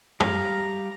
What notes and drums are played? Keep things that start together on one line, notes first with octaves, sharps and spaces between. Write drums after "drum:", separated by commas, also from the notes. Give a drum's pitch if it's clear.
G3 G4 F5 A#5, drum: tom